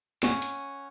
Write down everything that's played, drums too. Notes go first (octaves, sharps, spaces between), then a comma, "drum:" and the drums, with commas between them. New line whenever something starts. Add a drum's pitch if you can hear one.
C#4 F#5, drum: snare
drum: hi-hat